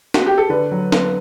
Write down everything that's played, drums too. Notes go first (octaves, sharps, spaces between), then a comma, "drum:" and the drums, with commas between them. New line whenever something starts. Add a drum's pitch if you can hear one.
F#4, drum: snare
G4
A4
D3 B4
F#3
B3, drum: snare